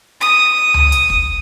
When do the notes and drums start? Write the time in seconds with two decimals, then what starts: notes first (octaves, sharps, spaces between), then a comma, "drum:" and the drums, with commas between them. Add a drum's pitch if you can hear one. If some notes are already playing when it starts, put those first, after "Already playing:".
0.21 D#6, drum: snare
0.74 drum: tom C#2
0.92 drum: hi-hat
1.10 drum: kick